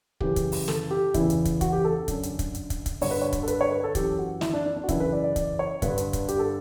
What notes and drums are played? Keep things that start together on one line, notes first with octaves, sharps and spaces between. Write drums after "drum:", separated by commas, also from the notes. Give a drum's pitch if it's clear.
F#2 C#3 E3 G4, drum: kick
drum: kick, hi-hat
drum: open hi-hat
A4, drum: snare
G4
E2 C#3 E3 E4, drum: kick, hi-hat
drum: hi-hat
drum: kick, hi-hat
F#4, drum: kick, hi-hat
G4
A4
F#2 D3, drum: kick, hi-hat
drum: hi-hat
drum: kick, hi-hat
drum: hi-hat
drum: kick, hi-hat
drum: kick, hi-hat
G2 D3 C#5, drum: open hi-hat
B4
C#5
drum: kick, hi-hat
A4
B4, drum: hi-hat
C#5
B4
A4
F#2 E3 G4, drum: kick, hi-hat
F#4
E4, drum: snare
D4
D4
D4
F#4
F#2 C#3 E3 E4, drum: kick, hi-hat
B4
D5
D5
D5, drum: kick, hi-hat
C#5
G2 D3 B4, drum: kick, hi-hat
drum: hi-hat
drum: kick, hi-hat
G4, drum: hi-hat
A4